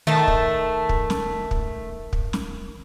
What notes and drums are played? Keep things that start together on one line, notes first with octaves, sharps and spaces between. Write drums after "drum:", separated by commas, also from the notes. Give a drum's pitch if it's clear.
D#3 A3 A5
drum: kick
drum: kick
drum: snare
drum: kick
drum: kick
drum: snare